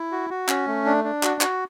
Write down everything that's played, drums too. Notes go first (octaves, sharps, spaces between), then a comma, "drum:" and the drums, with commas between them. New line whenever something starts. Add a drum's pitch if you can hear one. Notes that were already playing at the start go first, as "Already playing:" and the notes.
Already playing: E4
F#4
F#4
C#4, drum: clap
A3
D4
D4
F#4, drum: clap
F#4, drum: clap